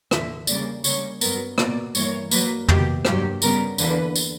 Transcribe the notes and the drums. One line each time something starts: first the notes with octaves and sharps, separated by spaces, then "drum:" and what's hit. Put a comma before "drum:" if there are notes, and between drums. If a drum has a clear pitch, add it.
E2 D3 A#3 E5, drum: rim click
C#3 G3 A#3 D5, drum: tambourine
C#3 G3 A#3 C#5, drum: tambourine
G2 F#3 B3 A#4, drum: tambourine
B2 A#3 D5, drum: rim click
G2 E3 A#3 C#5, drum: tambourine
G2 F#3 A#3 B4, drum: tambourine
B2 A#3 G4, drum: tom
G2 F#3 A#3 G4, drum: rim click
C#3 G3 B3 A#4, drum: tambourine
E2 D3 A#3 B4, drum: tambourine
drum: tambourine